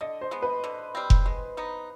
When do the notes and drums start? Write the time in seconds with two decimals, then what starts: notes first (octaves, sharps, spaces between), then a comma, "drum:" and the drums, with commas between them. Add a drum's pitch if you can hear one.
0.01 D3 D#5
0.21 C5
0.31 G#3 B3
0.42 B4
0.64 D3
0.95 G3 C4
1.10 drum: kick F1
1.26 G#3
1.57 B3 D#4